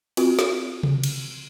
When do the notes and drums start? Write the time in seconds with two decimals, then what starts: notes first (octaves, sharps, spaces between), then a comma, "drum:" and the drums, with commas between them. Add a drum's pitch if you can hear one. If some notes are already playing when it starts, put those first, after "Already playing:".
0.17 C4 F4 F#4, drum: cymbal
0.39 drum: snare
0.83 drum: tom C3
1.04 drum: cymbal